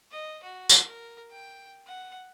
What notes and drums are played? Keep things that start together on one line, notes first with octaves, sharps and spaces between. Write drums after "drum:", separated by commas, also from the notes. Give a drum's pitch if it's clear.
D#5
F#4
drum: tambourine
A#4
G5
F#5